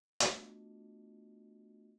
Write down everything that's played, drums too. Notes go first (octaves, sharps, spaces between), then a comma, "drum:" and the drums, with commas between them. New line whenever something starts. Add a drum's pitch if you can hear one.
A3 B3 D4 F4 F#4 D#5, drum: hi-hat